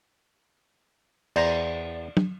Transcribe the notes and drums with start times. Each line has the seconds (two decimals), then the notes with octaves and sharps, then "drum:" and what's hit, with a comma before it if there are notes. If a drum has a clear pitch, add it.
1.36 E2 C5 D5 A#5, drum: cymbal
2.17 drum: tom